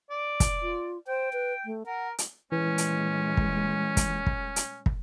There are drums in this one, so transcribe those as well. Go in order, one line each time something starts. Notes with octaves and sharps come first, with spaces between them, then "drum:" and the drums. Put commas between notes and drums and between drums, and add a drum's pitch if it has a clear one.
D5
drum: kick, hi-hat
F4
C5 G5
B4
A3
A#4 F#5
drum: hi-hat
A#2 E3 G3 G#3 C#4
drum: hi-hat
drum: kick
drum: kick, hi-hat
drum: kick
drum: hi-hat
drum: kick